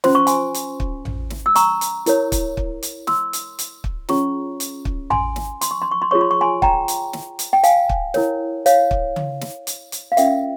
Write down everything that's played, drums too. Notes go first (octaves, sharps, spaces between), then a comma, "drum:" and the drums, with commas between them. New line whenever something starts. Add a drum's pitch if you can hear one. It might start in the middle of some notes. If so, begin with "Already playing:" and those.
C#4 F4 C5 C6, drum: snare
C#6
G#5 C6, drum: hi-hat
drum: hi-hat
drum: kick
drum: tom A1
drum: snare
E6
A#5 C#6, drum: hi-hat
drum: hi-hat
E4 A#4 C#5, drum: hi-hat
drum: kick, hi-hat
drum: kick
drum: hi-hat
C6 E6, drum: snare
drum: hi-hat
drum: hi-hat
drum: kick
C#4 F4 G#4 C#5 A#5 C#6, drum: snare
drum: hi-hat
drum: kick
G#5 C6, drum: tom A1
drum: snare
C6, drum: hi-hat
C#6
C6
C#6
C6
F4 G#4 C#5 C#6
C6
C#6
G#5 C6
G5 A#5, drum: kick
drum: hi-hat
drum: snare
drum: hi-hat
G5
F5 G#5, drum: hi-hat
drum: kick
E4 A#4 C#5, drum: snare
C#5 F5, drum: hi-hat
drum: kick
drum: tom C#3
drum: snare
drum: hi-hat
drum: hi-hat
F5
C#4 F4 A#4 E5 G5, drum: hi-hat